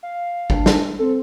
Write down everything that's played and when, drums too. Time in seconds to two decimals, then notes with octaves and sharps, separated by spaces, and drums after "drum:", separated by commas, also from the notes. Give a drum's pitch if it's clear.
0.03 F5
0.50 D4, drum: kick G#1
0.66 drum: snare
0.99 C4 A4